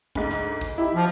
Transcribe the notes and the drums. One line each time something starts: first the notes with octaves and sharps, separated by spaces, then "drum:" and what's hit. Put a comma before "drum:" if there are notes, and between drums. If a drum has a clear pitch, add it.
D2 G#2, drum: kick
drum: clap
drum: kick
D#4 E4 G4
F3